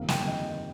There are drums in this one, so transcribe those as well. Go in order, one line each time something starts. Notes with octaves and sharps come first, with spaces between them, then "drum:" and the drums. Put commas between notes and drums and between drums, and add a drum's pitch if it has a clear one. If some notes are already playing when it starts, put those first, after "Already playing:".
Already playing: G1 F2 C3 D#3 A#3 F5
G5, drum: snare
D#5